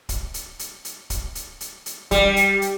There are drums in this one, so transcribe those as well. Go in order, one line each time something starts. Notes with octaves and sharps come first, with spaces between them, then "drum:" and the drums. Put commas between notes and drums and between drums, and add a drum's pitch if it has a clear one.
drum: kick C#1, hi-hat
drum: hi-hat
drum: hi-hat
drum: hi-hat
drum: kick C#1, hi-hat
drum: hi-hat
drum: hi-hat
drum: hi-hat
G3, drum: kick C#1, hi-hat
drum: hi-hat
drum: hi-hat